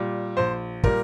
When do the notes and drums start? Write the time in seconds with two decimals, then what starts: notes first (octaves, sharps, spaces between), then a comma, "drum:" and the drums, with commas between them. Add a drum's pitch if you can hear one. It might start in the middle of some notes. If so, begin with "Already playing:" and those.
Already playing: A#2 G3
0.37 A#1 C5
0.84 A#2 G3 A#4, drum: kick